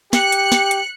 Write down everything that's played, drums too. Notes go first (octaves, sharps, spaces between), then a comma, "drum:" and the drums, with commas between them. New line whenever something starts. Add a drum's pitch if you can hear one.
G4 F#6 C#7, drum: snare
drum: hi-hat
drum: snare
drum: hi-hat